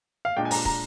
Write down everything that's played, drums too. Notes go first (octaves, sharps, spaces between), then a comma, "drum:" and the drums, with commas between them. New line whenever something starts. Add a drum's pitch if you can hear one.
F5
A#2 G#3 D4 G5
G#5
A#5, drum: open hi-hat
A#5, drum: kick